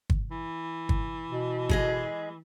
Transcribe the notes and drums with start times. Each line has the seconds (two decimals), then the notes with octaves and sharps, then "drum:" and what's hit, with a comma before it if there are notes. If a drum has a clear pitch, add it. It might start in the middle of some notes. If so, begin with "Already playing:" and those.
0.10 drum: kick
0.31 E3
0.89 drum: kick
1.29 B2
1.69 G#3 G#4 D#5, drum: kick